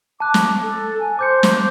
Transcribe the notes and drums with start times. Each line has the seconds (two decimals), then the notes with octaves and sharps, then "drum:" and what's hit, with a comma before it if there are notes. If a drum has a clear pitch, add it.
0.20 A5 D6 F#6
0.34 drum: snare
0.62 A4
1.00 G#5
1.19 C5 D6 G6 C#7
1.43 drum: snare